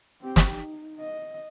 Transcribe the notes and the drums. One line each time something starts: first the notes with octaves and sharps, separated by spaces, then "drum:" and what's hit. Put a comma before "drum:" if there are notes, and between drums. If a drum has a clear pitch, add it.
C4 G4
drum: snare
D#4
D#5